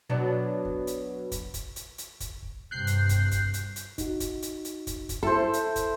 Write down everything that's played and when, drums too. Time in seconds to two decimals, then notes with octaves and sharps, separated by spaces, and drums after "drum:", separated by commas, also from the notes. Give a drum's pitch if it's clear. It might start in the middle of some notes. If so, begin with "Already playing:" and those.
0.10 B2 F#3 D4
0.65 drum: kick
0.87 drum: hi-hat
1.32 drum: kick, hi-hat
1.54 drum: kick, hi-hat
1.76 drum: hi-hat
1.98 drum: hi-hat
2.20 drum: kick, hi-hat
2.43 drum: kick
2.71 G2 C3 F#6 G6 C7
2.87 drum: hi-hat
3.09 drum: kick, hi-hat
3.31 drum: kick, hi-hat
3.54 drum: hi-hat
3.76 drum: hi-hat
3.98 D#4 F#4, drum: kick, hi-hat
4.20 drum: kick, hi-hat
4.42 drum: hi-hat
4.65 drum: hi-hat
4.87 drum: kick, hi-hat
5.09 drum: kick, hi-hat
5.23 E4 A4 C5 A5
5.53 drum: hi-hat
5.76 drum: kick, hi-hat